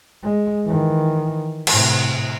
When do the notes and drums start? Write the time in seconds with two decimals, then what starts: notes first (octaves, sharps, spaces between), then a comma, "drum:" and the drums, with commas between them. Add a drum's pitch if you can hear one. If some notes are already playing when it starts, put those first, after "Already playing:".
0.22 G#3
0.65 D#3 E3
1.67 A2 C3, drum: cymbal